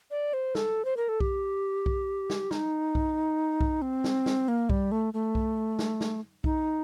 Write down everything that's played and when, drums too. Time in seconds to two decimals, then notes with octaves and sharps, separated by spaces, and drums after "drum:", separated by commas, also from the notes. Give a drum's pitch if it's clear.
0.11 D5
0.33 C5
0.55 A4, drum: snare
0.85 C5
0.97 A#4
1.09 A4
1.20 G4, drum: kick B1
1.86 drum: kick B1
2.30 drum: snare
2.51 D#4, drum: snare
2.95 drum: kick B1
3.61 drum: kick B1
3.82 C4
4.04 drum: snare
4.26 drum: snare
4.48 A#3
4.70 G3, drum: kick B1
4.92 A3
5.14 A3
5.35 drum: kick B1
5.79 drum: snare
6.01 drum: snare
6.44 D#4, drum: kick B1